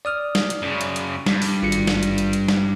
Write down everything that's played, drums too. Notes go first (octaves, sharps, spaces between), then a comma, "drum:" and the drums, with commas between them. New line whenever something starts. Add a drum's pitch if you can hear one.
D5 D#6 F6
drum: snare
drum: hi-hat
F#2 C#3
drum: hi-hat
drum: hi-hat
G2, drum: snare
drum: open hi-hat
G#1 F4 C#7
drum: hi-hat
drum: snare
drum: hi-hat
drum: hi-hat
drum: hi-hat
drum: snare